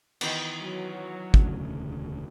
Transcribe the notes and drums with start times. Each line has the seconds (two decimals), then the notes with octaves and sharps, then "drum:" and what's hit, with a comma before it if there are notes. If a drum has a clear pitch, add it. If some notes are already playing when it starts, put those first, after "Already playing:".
0.21 D#3 E3 B3, drum: cymbal
0.61 F#3
1.34 E1 D2 C#3, drum: kick